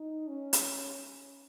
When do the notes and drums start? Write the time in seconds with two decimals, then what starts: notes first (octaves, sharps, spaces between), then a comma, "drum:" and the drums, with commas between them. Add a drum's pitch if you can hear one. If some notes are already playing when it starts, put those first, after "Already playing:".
Already playing: D#4
0.28 C#4
0.53 drum: hi-hat